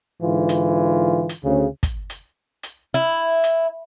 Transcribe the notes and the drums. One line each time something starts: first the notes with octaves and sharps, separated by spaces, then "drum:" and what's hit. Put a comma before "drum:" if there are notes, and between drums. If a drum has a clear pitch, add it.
G#2 D3 E3 F4
drum: hi-hat
drum: hi-hat
D2 C#3
drum: kick, hi-hat
drum: hi-hat
drum: hi-hat
E4
drum: hi-hat